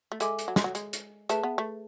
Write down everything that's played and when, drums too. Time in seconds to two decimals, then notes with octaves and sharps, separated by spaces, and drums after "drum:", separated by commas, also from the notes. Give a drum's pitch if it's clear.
0.12 A3
0.20 G#3 A4 E5 G#5 D6, drum: hi-hat
0.39 drum: hi-hat
0.48 F#3
0.56 G#3, drum: snare
0.64 F#3
0.75 G#3, drum: hi-hat
0.93 drum: hi-hat
1.29 A3 G#4 B4 E5 A5, drum: hi-hat
1.43 B3
1.58 A3